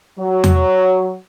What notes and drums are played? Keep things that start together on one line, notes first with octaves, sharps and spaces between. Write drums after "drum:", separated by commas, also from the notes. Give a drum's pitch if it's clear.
F#3
drum: tom E2